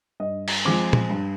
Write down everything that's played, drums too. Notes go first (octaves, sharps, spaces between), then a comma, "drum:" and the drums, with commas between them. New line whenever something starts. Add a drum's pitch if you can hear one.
G2 D#5
drum: cymbal
F3 G#3 C4 D6
drum: tom
G2